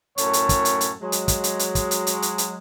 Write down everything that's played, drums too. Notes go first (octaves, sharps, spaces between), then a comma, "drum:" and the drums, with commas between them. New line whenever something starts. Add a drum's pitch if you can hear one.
F#2 A2 A4 C#5, drum: hi-hat
drum: hi-hat
drum: kick, hi-hat
drum: hi-hat
drum: hi-hat
F#3 G#3
drum: hi-hat
drum: kick, hi-hat
drum: hi-hat
drum: hi-hat
drum: kick, hi-hat
drum: hi-hat
drum: hi-hat
drum: hi-hat
drum: hi-hat